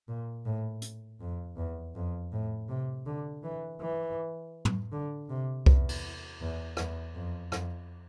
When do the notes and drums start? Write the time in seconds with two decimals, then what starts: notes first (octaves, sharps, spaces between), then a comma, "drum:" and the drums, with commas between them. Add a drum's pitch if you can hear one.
0.08 A#2
0.45 A2
0.82 drum: hi-hat
1.21 F2
1.57 E2
1.95 F2
2.32 A2
2.69 C3
3.06 D3
3.43 E3
3.81 E3
4.65 drum: tom
4.92 D3
5.29 C3
5.66 E2, drum: kick C2
5.89 drum: cymbal
6.41 E2
6.77 E2, drum: rim click
7.15 F2
7.52 F2, drum: rim click